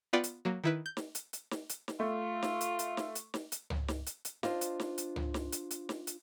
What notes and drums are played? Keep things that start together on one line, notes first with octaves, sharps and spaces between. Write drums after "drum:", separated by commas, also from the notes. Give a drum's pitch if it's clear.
B3 F4 B4 D5 F#5 G5
drum: hi-hat
F#3 A#3
D#3 E4 B4
G6
drum: snare
drum: hi-hat
drum: hi-hat
drum: snare
drum: hi-hat
drum: snare
A3 F4
drum: snare
drum: hi-hat
drum: hi-hat
drum: snare
drum: hi-hat
drum: snare
drum: hi-hat
drum: tom C#2
drum: snare
drum: hi-hat
drum: hi-hat
D4 F4 C5 D#5 F5, drum: snare
drum: hi-hat
drum: snare
drum: hi-hat
drum: tom C#2
drum: snare
drum: hi-hat
drum: hi-hat
drum: snare
drum: hi-hat